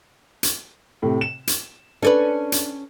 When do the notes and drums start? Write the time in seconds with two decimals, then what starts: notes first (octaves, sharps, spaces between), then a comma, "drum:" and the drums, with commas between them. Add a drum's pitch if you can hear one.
0.43 drum: hi-hat
1.02 A2 C3
1.21 E7
1.47 drum: hi-hat
2.03 C#4 D4 A4 B4
2.52 drum: hi-hat